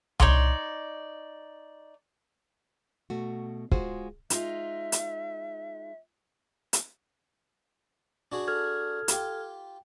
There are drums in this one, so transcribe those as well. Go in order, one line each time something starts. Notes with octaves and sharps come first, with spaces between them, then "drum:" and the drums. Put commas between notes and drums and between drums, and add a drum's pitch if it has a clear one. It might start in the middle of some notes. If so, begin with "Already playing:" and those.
D#4 C#5 D5 C6, drum: tom C2
B2 A3 F#4
G#3 F4 F#4 G#4 C5, drum: kick
G#3 D#4 F4 E5, drum: hi-hat
drum: hi-hat
drum: hi-hat
D4 F#4 G#4
A4 F6 G#6
F4 G4, drum: hi-hat